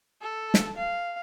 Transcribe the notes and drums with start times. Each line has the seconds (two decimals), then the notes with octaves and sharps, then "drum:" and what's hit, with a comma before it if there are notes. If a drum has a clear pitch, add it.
0.21 A4
0.54 drum: snare
0.77 F5